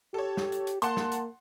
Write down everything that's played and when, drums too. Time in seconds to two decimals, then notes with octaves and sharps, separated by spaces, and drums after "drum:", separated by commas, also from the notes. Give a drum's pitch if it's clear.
0.14 G4 A4 C#5
0.37 drum: snare
0.52 drum: hi-hat
0.67 drum: hi-hat
0.82 A#3 F#5 A5 C6, drum: hi-hat
0.97 drum: snare
1.12 drum: hi-hat